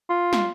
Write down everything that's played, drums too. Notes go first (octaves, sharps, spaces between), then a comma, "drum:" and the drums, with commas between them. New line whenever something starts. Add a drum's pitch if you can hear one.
F4
drum: snare